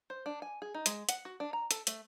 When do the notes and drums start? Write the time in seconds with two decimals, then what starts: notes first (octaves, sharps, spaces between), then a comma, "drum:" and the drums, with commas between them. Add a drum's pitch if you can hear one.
0.10 C5
0.26 D4
0.42 G#5
0.62 G#4
0.74 D#4
0.86 G#3, drum: hi-hat
1.09 F#5, drum: hi-hat
1.25 F#4
1.40 D4
1.53 A#5
1.71 A4, drum: hi-hat
1.87 A3, drum: hi-hat